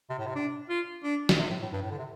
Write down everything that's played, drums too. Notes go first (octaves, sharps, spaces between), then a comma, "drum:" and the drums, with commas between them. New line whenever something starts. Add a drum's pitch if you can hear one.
C3
A2
C3
D4
F4
D4
drum: snare
C3
A2
A2
G2
A2
D3
C3